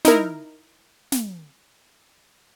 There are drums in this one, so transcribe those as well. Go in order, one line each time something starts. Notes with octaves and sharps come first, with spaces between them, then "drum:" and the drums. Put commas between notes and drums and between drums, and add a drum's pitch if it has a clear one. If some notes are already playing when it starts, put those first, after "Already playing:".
D#4 E4 A#4, drum: snare
drum: snare